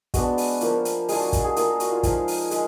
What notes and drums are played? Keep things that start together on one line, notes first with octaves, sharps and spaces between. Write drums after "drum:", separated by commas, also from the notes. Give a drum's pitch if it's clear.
G#3 B3 D4 F#4, drum: kick, hi-hat
drum: open hi-hat
F3 A#3 F4, drum: hi-hat
drum: hi-hat
G#3 D4 F4 G#4, drum: open hi-hat
F#4
drum: kick, hi-hat
G#4
A#3 F4 G#4, drum: hi-hat
A#4
F#4, drum: hi-hat
F4
F3 G#3 D#4 G#4, drum: kick, hi-hat
drum: open hi-hat
G#3, drum: hi-hat